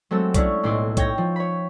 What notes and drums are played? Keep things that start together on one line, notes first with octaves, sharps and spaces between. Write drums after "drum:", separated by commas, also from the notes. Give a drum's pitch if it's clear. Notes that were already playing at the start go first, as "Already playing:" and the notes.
F#3 G#3 A3 C4 A4
C#4 D4 E4 C#6, drum: kick, hi-hat
B1 A2 D#4 E4 C6 D6
C#5 G5 G#6 A#6, drum: kick, hi-hat
F3
C#5 B5